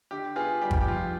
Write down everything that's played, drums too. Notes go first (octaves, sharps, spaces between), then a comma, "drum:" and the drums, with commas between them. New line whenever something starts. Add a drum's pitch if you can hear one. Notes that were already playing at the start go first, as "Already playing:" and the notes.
D3 G4
B3 F4 G#4
G3 G4
drum: kick G1
G4
F2 F4